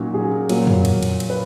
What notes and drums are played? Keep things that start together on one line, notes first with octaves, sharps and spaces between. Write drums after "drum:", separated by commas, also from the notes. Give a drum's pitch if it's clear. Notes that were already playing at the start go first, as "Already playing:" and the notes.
Already playing: A#2 F#3 C#4 D#4 F#4
G#4
A#2 F#3, drum: cymbal
drum: tom
drum: cymbal
drum: cymbal
drum: cymbal
B4